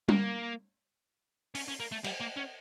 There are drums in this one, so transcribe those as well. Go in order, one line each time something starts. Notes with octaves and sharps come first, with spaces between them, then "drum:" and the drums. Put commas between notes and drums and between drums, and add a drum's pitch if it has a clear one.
A#3, drum: tom G3
C#4, drum: open hi-hat
C#4
A#3
A3
G3, drum: cymbal
A#3
C#4